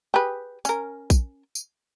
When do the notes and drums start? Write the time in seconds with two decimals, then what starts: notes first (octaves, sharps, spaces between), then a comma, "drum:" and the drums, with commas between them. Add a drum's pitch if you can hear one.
0.14 G4 G#4 B4
0.65 C#4 A#4, drum: tambourine
1.10 drum: kick A#1, tambourine
1.55 drum: tambourine